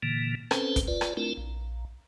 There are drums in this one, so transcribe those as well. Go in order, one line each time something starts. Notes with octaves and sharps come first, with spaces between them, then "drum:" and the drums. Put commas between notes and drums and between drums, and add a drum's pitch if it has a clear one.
A#2 D3 E3 A#3
C4 C#4 A4 B4 C5, drum: rim click
drum: kick, hi-hat
F4 B4 D5
drum: rim click
A3 C4 D4 E4 F4 A#4
A#1